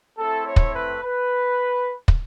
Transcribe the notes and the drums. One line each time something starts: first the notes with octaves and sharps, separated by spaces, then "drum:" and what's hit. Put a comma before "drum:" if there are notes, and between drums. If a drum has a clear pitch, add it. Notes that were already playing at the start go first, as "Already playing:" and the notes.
A3 C4 E4 A4
C#5
drum: kick
B4
B4
drum: kick